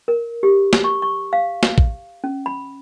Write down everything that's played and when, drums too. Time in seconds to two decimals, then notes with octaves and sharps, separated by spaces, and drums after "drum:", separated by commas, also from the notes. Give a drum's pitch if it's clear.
0.08 A#4
0.43 G4
0.73 drum: snare
0.84 C#6
1.02 C#6
1.33 F5
1.63 drum: snare
1.78 drum: kick
2.24 C#4
2.46 B5